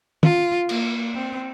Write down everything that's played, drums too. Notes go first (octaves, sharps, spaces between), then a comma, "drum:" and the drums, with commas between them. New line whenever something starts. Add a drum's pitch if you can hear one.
F4, drum: tom
A#3, drum: cymbal
C4